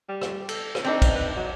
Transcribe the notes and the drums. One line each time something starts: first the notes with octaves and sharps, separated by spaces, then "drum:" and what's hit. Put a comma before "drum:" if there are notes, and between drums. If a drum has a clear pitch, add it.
G3
drum: rim click
A4, drum: cymbal
drum: rim click
C4 D4 D#4
drum: kick, cymbal
B4
F#3